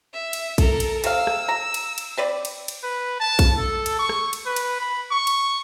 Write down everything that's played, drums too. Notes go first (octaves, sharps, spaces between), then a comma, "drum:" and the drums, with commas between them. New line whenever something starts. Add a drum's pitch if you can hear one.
E5
drum: cymbal
A4 A#4, drum: kick A#1, cymbal
drum: cymbal
C3 F5 E6, drum: cymbal
drum: rim click
A#5
drum: cymbal
drum: cymbal
C4 B4 D5
drum: cymbal
drum: cymbal
B4
A5
drum: kick A#1, cymbal
A4
drum: cymbal
C#6
drum: rim click
drum: cymbal
B4
drum: cymbal
B5
C#6
drum: cymbal